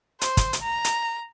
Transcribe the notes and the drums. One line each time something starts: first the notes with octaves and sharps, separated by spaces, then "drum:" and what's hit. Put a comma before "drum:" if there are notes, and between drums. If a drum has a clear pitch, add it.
C5, drum: hi-hat
drum: kick, hi-hat
drum: hi-hat
A#5
drum: hi-hat